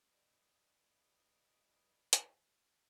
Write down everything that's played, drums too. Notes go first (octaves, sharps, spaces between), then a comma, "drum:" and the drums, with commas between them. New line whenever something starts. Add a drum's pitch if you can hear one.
G2 F3 G#4 B4 D5 D#5
drum: hi-hat